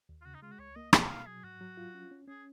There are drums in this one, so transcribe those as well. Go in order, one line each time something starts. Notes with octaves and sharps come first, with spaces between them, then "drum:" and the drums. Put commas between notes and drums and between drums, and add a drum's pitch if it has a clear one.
D#2
F4
C#3 F#4
D#4
G#3 F4
F#4
C#2 C#5
A#3 D#5
A#3 F5, drum: rim click
B2 F5
F#3 G#4
G#2 F#4
F#3
F4
C#4
C#4
C#4 G#4